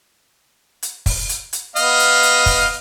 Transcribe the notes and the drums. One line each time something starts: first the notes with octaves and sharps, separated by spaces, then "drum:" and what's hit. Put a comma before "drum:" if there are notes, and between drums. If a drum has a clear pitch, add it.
drum: hi-hat
drum: kick, open hi-hat
drum: hi-hat
drum: hi-hat
B3 D#5 F5, drum: hi-hat
drum: hi-hat
drum: hi-hat
drum: kick, open hi-hat